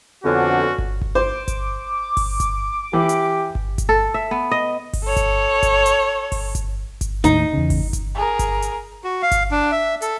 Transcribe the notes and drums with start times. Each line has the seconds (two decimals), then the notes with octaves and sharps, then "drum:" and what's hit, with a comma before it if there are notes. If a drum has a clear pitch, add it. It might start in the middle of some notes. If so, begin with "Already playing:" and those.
0.24 F2 D3 B3 C#4 D4 F#4
0.78 drum: kick G1
1.02 drum: kick G1
1.15 C5 D6
1.48 drum: kick G1, hi-hat
2.17 drum: kick G1, open hi-hat
2.40 drum: kick G1, hi-hat
2.93 E3 G4
3.09 drum: hi-hat
3.55 drum: kick G1
3.78 drum: kick G1, hi-hat
3.89 A4
4.14 E5
4.31 B3
4.51 D#5
4.93 drum: kick G1, open hi-hat
5.04 A4 C#5
5.16 drum: kick G1, hi-hat
5.63 drum: kick G1, hi-hat
5.86 drum: hi-hat
6.32 drum: kick G1, open hi-hat
6.55 drum: kick G1, hi-hat
7.01 drum: kick G1, hi-hat
7.24 D#2 A2 D#4, drum: hi-hat
7.53 E2 C#3
7.70 drum: kick G1, open hi-hat
7.93 drum: kick G1, hi-hat
8.15 G#4 A#4
8.39 drum: kick G1, hi-hat
8.62 drum: hi-hat
9.04 F#4
9.22 F5
9.31 drum: kick G1, hi-hat
9.51 D4
9.72 E5
10.02 A4, drum: hi-hat